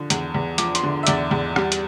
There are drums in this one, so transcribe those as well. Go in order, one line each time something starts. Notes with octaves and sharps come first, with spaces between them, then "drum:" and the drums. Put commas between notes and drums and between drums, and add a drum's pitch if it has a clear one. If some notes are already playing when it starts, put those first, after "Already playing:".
Already playing: D3 F3
E2, drum: hi-hat
E2
F3 D6, drum: hi-hat
C6, drum: hi-hat
D3
E5
E2 D5, drum: hi-hat
E2
G3, drum: rim click
drum: hi-hat